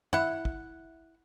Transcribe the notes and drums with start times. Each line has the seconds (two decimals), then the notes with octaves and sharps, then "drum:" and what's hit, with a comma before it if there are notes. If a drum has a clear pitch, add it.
0.13 E4 F#5, drum: tom
0.45 drum: kick